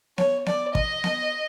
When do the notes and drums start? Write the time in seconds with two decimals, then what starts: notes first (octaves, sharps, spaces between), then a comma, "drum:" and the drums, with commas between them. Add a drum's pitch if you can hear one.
0.18 C#5, drum: snare B3
0.46 D5, drum: snare B3
0.75 D#5, drum: kick
1.04 drum: snare B3